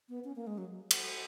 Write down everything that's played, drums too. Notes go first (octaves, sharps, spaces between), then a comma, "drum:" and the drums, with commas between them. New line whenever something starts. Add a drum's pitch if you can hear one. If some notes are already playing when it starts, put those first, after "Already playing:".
B3
C#4
A#3
G#3
F#3
drum: cymbal